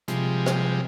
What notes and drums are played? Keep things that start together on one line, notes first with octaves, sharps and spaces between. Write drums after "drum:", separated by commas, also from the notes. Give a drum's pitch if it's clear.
C3 F3 G3 G#3, drum: hi-hat
drum: rim click